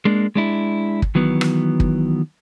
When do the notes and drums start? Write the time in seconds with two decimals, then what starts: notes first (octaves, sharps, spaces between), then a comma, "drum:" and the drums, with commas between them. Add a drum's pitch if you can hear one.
0.05 G#3 A#3 D4
0.36 G#3 D4 E4
1.02 drum: kick
1.15 D#3 E3 F#3 B3
1.41 drum: rim click
1.80 drum: kick